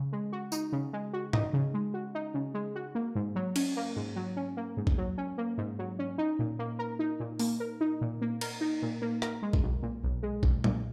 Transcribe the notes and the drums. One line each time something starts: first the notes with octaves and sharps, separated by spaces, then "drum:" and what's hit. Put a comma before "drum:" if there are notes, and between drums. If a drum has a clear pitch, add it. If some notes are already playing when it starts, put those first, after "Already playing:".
Already playing: C#3
G#3
F#4
D#4, drum: tambourine
C#3
G#3
F#4
D#4, drum: tom G#2
C#3
G#3
F#4
D#4
C#3
G#3
F#4
A#3
G#2
F#3
C#4, drum: cymbal
A#3
G#2
F#3
C#4
A#3
G#2
drum: kick A#1
F#3
C#4
A#3
G#2
F#3
C#4
D#4
A#2
A#3
A#4
D#4
A#2
A#3, drum: open hi-hat
A#4
D#4
A#2
A#3
A#4, drum: cymbal
D#4
A#2
A#3
A#4, drum: rim click
G#3
drum: kick A#1
B1
A#2
B1
G#3
B1, drum: kick A#1
A#2, drum: tom F#3